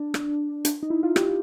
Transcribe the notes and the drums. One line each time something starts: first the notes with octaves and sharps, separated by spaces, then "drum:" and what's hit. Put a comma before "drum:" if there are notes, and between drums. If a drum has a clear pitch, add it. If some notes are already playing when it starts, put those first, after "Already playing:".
Already playing: D4
drum: rim click
D4, drum: hi-hat
D#4
E4
F4
G4, drum: rim click